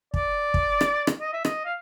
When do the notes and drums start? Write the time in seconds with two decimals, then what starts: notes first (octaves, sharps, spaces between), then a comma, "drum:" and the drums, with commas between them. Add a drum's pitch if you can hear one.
0.14 D5, drum: kick
0.54 drum: kick
0.81 drum: rim click
1.07 drum: rim click
1.21 D#5
1.33 E5
1.45 D#5, drum: rim click
1.65 F5